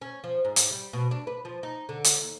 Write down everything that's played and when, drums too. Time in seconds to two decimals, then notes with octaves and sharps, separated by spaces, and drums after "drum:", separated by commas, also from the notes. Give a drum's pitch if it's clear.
0.01 C#4
0.24 F3
0.45 G#2
0.56 drum: hi-hat
0.71 G3
0.93 B2
1.11 D4
1.27 B4
1.45 F3
1.63 D#4
1.89 D3
2.04 drum: hi-hat
2.22 D#2